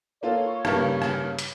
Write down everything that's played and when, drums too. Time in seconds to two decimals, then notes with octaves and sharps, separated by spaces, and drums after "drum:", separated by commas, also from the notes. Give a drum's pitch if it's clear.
0.23 A#3 F4 A4 C#5
0.65 G2 C#3 A#3, drum: rim click
1.02 drum: rim click
1.39 drum: hi-hat